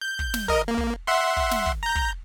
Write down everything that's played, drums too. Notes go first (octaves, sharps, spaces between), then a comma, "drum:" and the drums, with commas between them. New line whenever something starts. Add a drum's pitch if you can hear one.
G6
drum: kick
drum: snare
A#4 D#5, drum: kick
A#3
drum: kick
E5 F#5 C6
drum: kick
drum: snare
drum: kick
A#5 G6
drum: kick